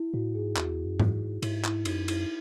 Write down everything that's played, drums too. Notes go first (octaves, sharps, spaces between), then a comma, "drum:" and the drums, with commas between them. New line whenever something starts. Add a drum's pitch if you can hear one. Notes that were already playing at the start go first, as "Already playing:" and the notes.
Already playing: E4
A2 F#4
G#2 G#4
E2 F#4, drum: clap
F#2
drum: tom G#2
G#2
G#2 E4, drum: cymbal
E4, drum: clap
F#2 D#4, drum: cymbal
E4, drum: cymbal